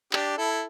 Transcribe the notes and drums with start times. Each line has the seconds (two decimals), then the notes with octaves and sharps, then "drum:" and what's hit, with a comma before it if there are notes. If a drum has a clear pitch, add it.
0.13 D4 G4, drum: clap
0.38 E4 A4